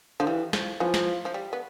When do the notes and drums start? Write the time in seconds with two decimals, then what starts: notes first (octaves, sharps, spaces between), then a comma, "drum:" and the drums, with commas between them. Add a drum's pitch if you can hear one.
0.20 D3 F3
0.27 E3 G3
0.53 F3, drum: snare
0.80 E3 F3
0.94 drum: snare
1.25 F3
1.34 G3
1.53 B3